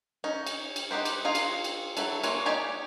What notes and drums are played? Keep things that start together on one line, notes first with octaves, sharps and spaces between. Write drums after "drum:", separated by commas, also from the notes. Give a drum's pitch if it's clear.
C#4 D#4
drum: cymbal
drum: cymbal
B3 D#4 G4 C5
drum: cymbal
F4 G#4 A#4 F5
drum: cymbal
drum: cymbal
F#3 E4 A4, drum: cymbal
A#3 F4 C#5 G#5, drum: cymbal
D#4 G4 C#5 D5 G#5